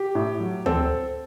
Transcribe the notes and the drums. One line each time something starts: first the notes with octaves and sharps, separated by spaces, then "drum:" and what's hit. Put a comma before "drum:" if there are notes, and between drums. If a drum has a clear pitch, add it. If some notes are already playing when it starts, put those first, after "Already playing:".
Already playing: G4
A2
F#3
C4 A4, drum: tom D2